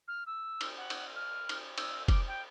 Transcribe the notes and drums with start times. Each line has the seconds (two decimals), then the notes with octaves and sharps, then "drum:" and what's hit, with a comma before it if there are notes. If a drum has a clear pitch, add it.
0.08 F6
0.27 E6
0.61 drum: cymbal
0.78 F#5
0.90 drum: cymbal
1.16 F6
1.49 drum: cymbal
1.78 E6, drum: cymbal
2.08 D6, drum: kick, cymbal
2.28 G5